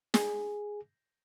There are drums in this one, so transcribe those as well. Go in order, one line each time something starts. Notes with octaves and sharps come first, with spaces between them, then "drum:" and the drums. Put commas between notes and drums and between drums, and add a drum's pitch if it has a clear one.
G#4, drum: snare